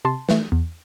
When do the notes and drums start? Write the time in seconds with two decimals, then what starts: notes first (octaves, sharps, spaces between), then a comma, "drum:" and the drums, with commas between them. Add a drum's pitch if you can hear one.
0.05 C3 A5 C6
0.29 E3 A3, drum: snare
0.52 E2